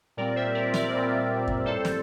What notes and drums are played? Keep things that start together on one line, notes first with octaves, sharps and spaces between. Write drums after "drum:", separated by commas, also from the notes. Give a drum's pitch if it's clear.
A#2 G3 C4 A#4 D5
C5 E5
A#4 D5
A#4 D5, drum: snare
A#2 G3 C4
drum: kick F#2
A2 G3 C4 A4 C5
drum: snare